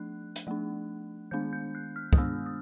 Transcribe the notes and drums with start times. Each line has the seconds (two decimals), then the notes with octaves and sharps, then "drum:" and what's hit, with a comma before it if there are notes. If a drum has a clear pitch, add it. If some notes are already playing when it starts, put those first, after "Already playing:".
Already playing: F3 A3 D4 F#6
0.36 drum: hi-hat
0.47 F3 A3 D4
1.31 D#3 G#3 B3 D4 G6
1.53 G6
1.75 F#6
1.96 F6
2.13 D#6, drum: kick
2.18 D#3 G#3 B3 D4 E6
2.46 D#6